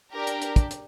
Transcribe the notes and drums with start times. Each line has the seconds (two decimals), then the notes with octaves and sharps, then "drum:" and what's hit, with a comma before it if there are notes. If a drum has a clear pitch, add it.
0.12 D4 G4 A#4
0.27 drum: hi-hat
0.42 drum: hi-hat
0.56 drum: kick, hi-hat
0.71 drum: hi-hat